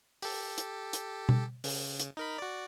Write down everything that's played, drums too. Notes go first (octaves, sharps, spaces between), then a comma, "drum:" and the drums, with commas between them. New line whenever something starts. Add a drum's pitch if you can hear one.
G4 A4, drum: open hi-hat
drum: hi-hat
drum: hi-hat
drum: tom B2
C#3, drum: open hi-hat
drum: hi-hat
D#4 A#4 B5
F#4 D5